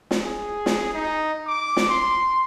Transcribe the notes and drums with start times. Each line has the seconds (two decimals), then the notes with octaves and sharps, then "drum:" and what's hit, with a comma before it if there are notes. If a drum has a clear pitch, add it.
0.11 drum: snare
0.23 G#4
0.66 drum: snare
0.94 D#4
1.47 D6
1.77 drum: snare
1.89 C6